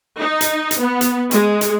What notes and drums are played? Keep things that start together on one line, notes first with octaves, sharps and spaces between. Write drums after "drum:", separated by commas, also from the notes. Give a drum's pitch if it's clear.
D#4
drum: hi-hat
drum: hi-hat
B3
drum: hi-hat
G#3, drum: hi-hat
drum: hi-hat